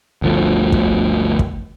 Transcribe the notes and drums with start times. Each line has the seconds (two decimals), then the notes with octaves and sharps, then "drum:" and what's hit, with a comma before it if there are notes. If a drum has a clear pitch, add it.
0.22 G1 D2 F3 A3
0.72 drum: kick
1.39 drum: kick